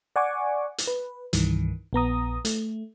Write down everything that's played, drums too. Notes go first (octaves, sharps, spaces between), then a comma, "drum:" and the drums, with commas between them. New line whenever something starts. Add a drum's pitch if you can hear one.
D5 F#5 G#5 C#6 D6
drum: hi-hat
B4
C2 G2 D#3 E3, drum: hi-hat
A#1 B3 A#5 D#6
A3, drum: hi-hat